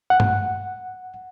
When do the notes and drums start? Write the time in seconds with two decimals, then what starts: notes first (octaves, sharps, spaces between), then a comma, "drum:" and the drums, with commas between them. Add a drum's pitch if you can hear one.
0.10 F#5
0.20 drum: tom G2